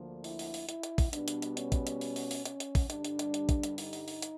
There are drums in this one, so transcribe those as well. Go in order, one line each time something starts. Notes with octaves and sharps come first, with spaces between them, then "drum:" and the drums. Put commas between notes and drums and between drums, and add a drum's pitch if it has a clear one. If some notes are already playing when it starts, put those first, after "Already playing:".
Already playing: D2 D3 F3 A#3
E4, drum: open hi-hat
drum: open hi-hat
drum: open hi-hat
E4, drum: hi-hat
drum: hi-hat
drum: kick, open hi-hat
B2 G3 B3 D4, drum: hi-hat
drum: hi-hat
drum: hi-hat
C#4, drum: hi-hat
drum: kick, hi-hat
drum: hi-hat
drum: open hi-hat
drum: open hi-hat
drum: open hi-hat
C#4, drum: hi-hat
drum: hi-hat
drum: kick, open hi-hat
G2 D3 G3 D4, drum: hi-hat
drum: hi-hat
drum: hi-hat
drum: hi-hat
drum: kick, hi-hat
drum: hi-hat
D#4, drum: open hi-hat
drum: open hi-hat
drum: open hi-hat
drum: hi-hat